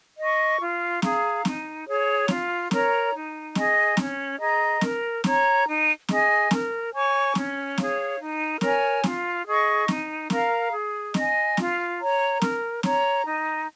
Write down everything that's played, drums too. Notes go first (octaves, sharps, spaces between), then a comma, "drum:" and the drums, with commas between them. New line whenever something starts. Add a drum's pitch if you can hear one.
D#5 C#6
F4
G#4 F5 A#5, drum: snare C4
D#4, drum: snare C4
G#4 C#5
F4, drum: snare C4
A#4 C#5 A#5, drum: snare C4
D#4
G#4 D#5 G#5, drum: snare C4
C#4, drum: snare C4
G#4 D#5 A#5
A#4, drum: snare C4
C#5 A#5, drum: snare C4
D#4
G#4 D#5 G#5, drum: snare C4
A#4, drum: snare C4
C#5 G#5 C#6
C#4, drum: snare C4
G#4 C#5 F5, drum: snare C4
D#4
A#4 C#5 G#5, drum: snare C4
F4, drum: snare C4
G#4 D#5 C#6
D#4, drum: snare C4
A#4 F5 A#5, drum: snare C4
G#4
D#5 G#5, drum: snare C4
F4, drum: snare C4
C#5 A#5
A#4, drum: snare C4
C#5 A#5, drum: snare C4
D#4